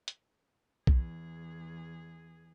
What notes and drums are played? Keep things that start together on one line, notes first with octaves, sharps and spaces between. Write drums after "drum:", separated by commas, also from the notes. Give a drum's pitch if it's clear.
drum: hi-hat
E2 G#4, drum: kick B1